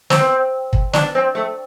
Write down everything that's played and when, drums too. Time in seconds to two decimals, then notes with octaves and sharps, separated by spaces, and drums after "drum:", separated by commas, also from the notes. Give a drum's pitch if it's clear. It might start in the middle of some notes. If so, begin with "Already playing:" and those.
0.10 C4, drum: snare
0.73 drum: kick
0.93 D4, drum: snare
1.15 C4
1.35 A3